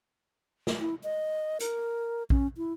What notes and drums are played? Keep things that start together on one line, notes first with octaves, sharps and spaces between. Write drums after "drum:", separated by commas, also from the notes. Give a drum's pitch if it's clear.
drum: snare
E4
D#5
A#4, drum: hi-hat
C#4, drum: kick A#1
E4